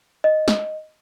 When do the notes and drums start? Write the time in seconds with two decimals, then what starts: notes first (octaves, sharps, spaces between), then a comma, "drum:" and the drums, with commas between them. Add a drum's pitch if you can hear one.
0.24 D#5
0.48 drum: snare